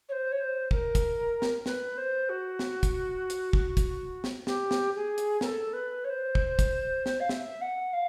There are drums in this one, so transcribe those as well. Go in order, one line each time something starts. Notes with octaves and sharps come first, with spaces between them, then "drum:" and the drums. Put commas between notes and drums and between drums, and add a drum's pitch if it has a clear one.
C#5
C5
C#5
C5
A#4, drum: kick
drum: kick, hi-hat
drum: snare
B4, drum: snare
C5
F#4
drum: snare
drum: kick, hi-hat
drum: hi-hat
drum: kick
drum: kick, hi-hat
drum: snare
G4, drum: snare
drum: snare
G#4
drum: hi-hat
A#4, drum: snare
A4
B4
C#5
C5
drum: kick
drum: kick, hi-hat
drum: snare
F5
E5, drum: snare
F#5
F5